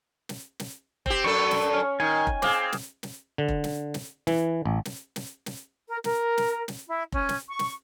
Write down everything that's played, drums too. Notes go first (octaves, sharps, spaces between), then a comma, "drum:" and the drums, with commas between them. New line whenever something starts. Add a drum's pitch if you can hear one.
drum: snare
drum: snare
C4 G4, drum: kick F1
F#2 D4 A4 C#6
drum: snare
C#4
D#3 G#5
drum: kick F1
C4 G#4 F5 D6, drum: snare
drum: snare
drum: snare
D3
drum: kick F1
drum: snare
drum: snare
E3, drum: snare
A1
drum: snare
drum: snare
drum: snare
A#4
A#4, drum: snare
drum: snare
drum: snare
E4
C#4, drum: kick F1
drum: snare
C#6
drum: snare